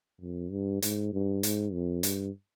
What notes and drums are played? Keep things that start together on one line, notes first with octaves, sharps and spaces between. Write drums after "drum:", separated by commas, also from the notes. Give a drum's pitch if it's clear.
F2
G2
G#2, drum: hi-hat
G2
G#2, drum: hi-hat
F2
G2, drum: hi-hat